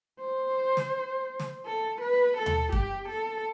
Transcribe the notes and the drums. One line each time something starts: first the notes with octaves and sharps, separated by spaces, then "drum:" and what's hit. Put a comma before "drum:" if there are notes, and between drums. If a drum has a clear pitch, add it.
C5
drum: snare
drum: snare
A4
B4
A4
drum: tom D#2
G4, drum: kick F#2
A4